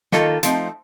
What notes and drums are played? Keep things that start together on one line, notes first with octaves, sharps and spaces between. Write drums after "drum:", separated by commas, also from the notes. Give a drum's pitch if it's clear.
D#3 A#3 F4 A4, drum: snare
F3 A3 C4 D#4, drum: hi-hat